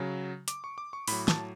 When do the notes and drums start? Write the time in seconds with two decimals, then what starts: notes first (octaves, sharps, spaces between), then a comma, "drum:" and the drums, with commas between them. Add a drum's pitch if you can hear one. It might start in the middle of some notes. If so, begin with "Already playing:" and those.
Already playing: C#3 F#3
0.48 D6, drum: hi-hat
0.64 C#6
0.78 D6
0.93 C#6
1.08 A2 F#3 B5, drum: open hi-hat
1.28 A5, drum: snare